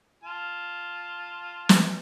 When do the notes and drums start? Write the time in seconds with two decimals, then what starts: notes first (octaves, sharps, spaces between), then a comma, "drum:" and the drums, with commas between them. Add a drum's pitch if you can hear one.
0.23 F4 A5
1.69 drum: snare